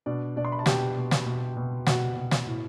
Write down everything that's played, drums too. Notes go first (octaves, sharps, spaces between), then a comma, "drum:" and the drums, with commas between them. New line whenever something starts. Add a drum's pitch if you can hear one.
B2 D4 D5
B2 D4 D5
C6
B5
A5
B2 G4 G5, drum: snare
B2
drum: snare
B2
B2
B2 F#4 F#5, drum: snare
B2
drum: snare
A2